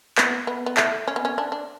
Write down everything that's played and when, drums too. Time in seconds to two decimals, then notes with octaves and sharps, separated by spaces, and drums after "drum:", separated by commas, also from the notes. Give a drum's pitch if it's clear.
0.18 B3, drum: clap
0.47 B3
0.66 B3
0.77 A3, drum: clap
1.08 C#4
1.16 B3
1.25 C#4
1.38 D4
1.52 D4